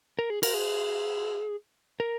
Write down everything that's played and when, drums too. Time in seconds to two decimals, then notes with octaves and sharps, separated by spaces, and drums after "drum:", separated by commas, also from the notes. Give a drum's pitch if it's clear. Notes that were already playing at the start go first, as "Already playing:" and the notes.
0.19 A#4
0.30 G#4
0.43 A#4, drum: cymbal
0.54 G#4
2.00 A#4